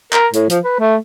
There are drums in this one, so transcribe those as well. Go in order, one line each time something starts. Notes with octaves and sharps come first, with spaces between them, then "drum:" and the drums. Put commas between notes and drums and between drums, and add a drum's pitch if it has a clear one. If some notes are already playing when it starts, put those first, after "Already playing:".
A#4, drum: clap
A2, drum: hi-hat
F3, drum: hi-hat
B4
A3